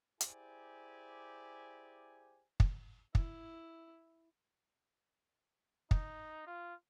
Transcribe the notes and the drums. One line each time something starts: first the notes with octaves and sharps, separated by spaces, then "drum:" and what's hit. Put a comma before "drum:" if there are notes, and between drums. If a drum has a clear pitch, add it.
E4 G4 G#4 C5 D5 G#5, drum: hi-hat
drum: kick
E4, drum: kick
D#4, drum: kick
F4